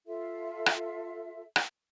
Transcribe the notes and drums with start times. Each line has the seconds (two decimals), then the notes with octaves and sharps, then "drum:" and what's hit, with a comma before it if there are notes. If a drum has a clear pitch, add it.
0.07 F4 A4 E5
0.66 drum: rim click
1.56 drum: rim click